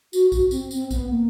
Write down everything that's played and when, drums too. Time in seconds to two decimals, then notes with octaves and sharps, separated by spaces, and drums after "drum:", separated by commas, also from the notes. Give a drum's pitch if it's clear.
0.13 F#4, drum: tambourine
0.32 F#4, drum: kick A#1, tambourine
0.51 C4, drum: tambourine
0.71 C4, drum: tambourine
0.91 B3, drum: kick A#1, tambourine
1.10 A#3